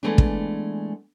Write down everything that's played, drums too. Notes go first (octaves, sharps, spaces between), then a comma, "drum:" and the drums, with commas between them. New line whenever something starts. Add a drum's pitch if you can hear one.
E3 G#3 A3 B3 D4
drum: kick